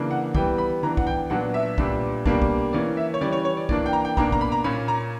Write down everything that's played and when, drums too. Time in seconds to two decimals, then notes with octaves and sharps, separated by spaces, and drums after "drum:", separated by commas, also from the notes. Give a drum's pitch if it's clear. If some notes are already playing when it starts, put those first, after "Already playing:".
Already playing: C#3 E3 A#3 D4
0.11 F#5
0.35 E3 G3 B3 G5, drum: kick
0.58 B5
0.83 E3 B3 D4 A#5
0.97 F#5, drum: kick
1.07 G5
1.30 A#2 F#3 B3 D4 F#5
1.54 E5
1.78 A#2 G3 B3 D4, drum: kick
2.26 B2 G3 A#3 D4, drum: kick
2.42 drum: kick
2.73 E3 A#3 C#4 D5
2.97 E5
3.14 C#5
3.21 E3 G3 C#4 D5
3.33 C#5
3.45 C#5
3.57 D5
3.69 E3 A#3 D4 D5, drum: kick
3.86 G5
3.93 A#5
4.05 G5
4.17 B2 A#3 D4 A#5, drum: kick
4.32 A#5, drum: kick
4.41 B5
4.52 A#5
4.64 A#2 A#3 C#4 B5
4.88 A#5